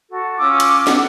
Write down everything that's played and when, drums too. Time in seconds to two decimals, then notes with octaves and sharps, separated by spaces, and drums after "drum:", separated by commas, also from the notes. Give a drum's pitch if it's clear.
0.09 F#4 A4
0.39 C#4 F4 D6 E6
0.60 drum: hi-hat
0.87 F#5, drum: snare